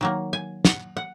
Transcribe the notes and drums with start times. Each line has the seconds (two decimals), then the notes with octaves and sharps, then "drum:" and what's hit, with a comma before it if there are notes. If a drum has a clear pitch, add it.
0.01 D#3 F#3 A#3
0.33 G#5
0.65 F#5, drum: snare
0.97 F#5